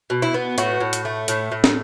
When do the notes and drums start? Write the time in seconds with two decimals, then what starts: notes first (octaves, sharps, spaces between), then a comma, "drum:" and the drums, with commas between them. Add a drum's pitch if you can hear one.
0.10 B2
0.22 E4
0.34 B3
0.58 A2 F#4, drum: hi-hat
0.80 A2
0.93 drum: hi-hat
1.05 A3
1.28 A2, drum: hi-hat
1.52 A2
1.64 drum: snare